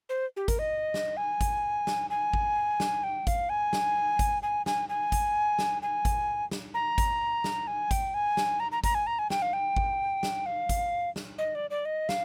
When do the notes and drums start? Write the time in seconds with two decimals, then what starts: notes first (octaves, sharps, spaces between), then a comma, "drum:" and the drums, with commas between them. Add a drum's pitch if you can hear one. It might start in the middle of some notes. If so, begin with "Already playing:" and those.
0.09 C5
0.37 G4
0.48 A#4, drum: kick G#1, hi-hat
0.59 D#5
0.94 drum: snare
1.17 G#5
1.41 drum: kick G#1, hi-hat
1.87 drum: snare
2.10 G#5
2.33 drum: kick G#1
2.80 drum: snare
3.04 G5
3.27 F5, drum: kick G#1, hi-hat
3.49 G#5
3.73 drum: snare
4.19 drum: kick G#1, hi-hat
4.43 G#5
4.66 G#5, drum: snare
4.89 G#5
5.12 drum: kick G#1, hi-hat
5.59 drum: snare
5.82 G#5
6.05 drum: kick G#1, hi-hat
6.51 drum: snare
6.74 A#5
6.98 drum: kick G#1, hi-hat
7.44 drum: snare
7.67 G#5
7.91 G5, drum: kick G#1, hi-hat
8.14 G#5
8.37 drum: snare
8.60 A#5
8.72 A#5
8.84 A#5, drum: kick G#1, hi-hat
8.95 G#5
9.07 A#5
9.19 G#5
9.30 G5, drum: snare
9.42 F5
9.53 G5
9.77 drum: kick G#1
10.23 drum: snare
10.46 F5
10.69 drum: kick G#1, hi-hat
11.16 drum: snare
11.38 D#5
11.55 D5
11.70 D5
11.85 D#5
12.09 F5, drum: snare